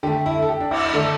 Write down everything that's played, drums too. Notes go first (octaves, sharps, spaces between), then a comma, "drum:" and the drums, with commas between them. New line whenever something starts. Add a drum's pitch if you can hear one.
D3 A3 G4
E4
A4
G4
D4
E4, drum: cymbal
E4
D3 A3 D4